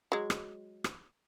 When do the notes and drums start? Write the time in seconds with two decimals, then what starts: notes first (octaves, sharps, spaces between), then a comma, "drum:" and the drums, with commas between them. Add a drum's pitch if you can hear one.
0.12 F#3 G#3
0.30 drum: rim click
0.84 drum: rim click